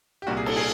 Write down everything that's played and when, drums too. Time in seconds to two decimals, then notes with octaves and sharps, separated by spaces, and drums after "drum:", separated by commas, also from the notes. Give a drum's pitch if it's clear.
0.22 G4
0.27 C2 A#2 G3 F#4
0.37 G#4
0.46 A4, drum: cymbal
0.57 G#4